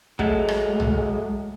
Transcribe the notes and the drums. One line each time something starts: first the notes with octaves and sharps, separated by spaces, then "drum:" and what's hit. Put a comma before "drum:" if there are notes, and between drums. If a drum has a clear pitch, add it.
F#3 G#3 A3, drum: kick
drum: rim click
drum: tom